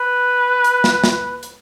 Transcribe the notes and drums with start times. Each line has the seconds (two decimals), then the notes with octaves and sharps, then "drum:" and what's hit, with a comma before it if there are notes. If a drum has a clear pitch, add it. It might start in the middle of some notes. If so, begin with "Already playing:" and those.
Already playing: B4
0.64 drum: hi-hat
0.84 drum: snare
1.04 drum: snare
1.43 drum: hi-hat